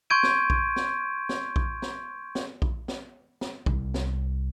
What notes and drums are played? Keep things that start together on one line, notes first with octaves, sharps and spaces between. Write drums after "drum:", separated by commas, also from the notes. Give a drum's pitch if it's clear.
C6 C#6 G6 G#6 D7 D#7
drum: snare
drum: kick A#1
drum: snare
drum: snare
drum: kick A#1
drum: snare
drum: snare
drum: kick A#1
drum: snare
drum: snare
C2, drum: kick A#1
drum: snare